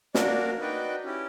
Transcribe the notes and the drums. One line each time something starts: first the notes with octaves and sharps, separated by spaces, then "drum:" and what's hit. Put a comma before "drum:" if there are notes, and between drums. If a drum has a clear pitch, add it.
A#3 D4 F#4 A#4 D5, drum: snare
D#4 F#4 B4 D5 G5
C#4 E4 G4